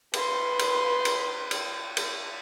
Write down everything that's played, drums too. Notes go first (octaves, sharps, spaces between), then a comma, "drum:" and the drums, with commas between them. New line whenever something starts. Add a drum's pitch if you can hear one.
B4 C6, drum: cymbal
drum: cymbal
drum: cymbal
drum: cymbal
drum: cymbal